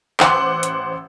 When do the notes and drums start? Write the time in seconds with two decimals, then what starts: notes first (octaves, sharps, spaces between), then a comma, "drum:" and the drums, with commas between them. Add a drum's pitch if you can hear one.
0.20 A1 C5 F#5 C6 D6 E6, drum: clap
0.63 drum: hi-hat